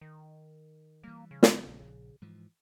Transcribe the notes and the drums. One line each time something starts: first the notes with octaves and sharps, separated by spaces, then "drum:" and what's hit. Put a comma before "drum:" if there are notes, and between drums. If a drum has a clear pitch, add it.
D#3
E3 G3 A#3
C#3
drum: snare
A#1
G#2 E3 F3